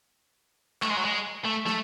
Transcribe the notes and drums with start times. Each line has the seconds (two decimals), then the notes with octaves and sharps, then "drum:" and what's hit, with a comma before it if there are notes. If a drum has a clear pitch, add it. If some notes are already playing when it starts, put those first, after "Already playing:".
0.82 A3, drum: clap
0.90 G#3
0.97 F#3
1.05 G#3
1.45 A3
1.66 A3, drum: snare